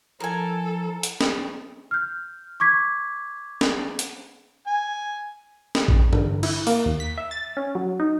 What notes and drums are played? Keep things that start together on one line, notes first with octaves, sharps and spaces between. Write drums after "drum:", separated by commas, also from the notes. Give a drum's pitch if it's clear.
F3 E4 A4 A#4 G#5
drum: hi-hat
drum: snare
F6 G6
C#6 D6 G#6 B6
drum: snare
drum: hi-hat
G#5
drum: snare
drum: kick A1
D3, drum: tom G2
E4, drum: cymbal
A#3, drum: open hi-hat
D#2
B6
E5
A6
C#4
F#3
D#4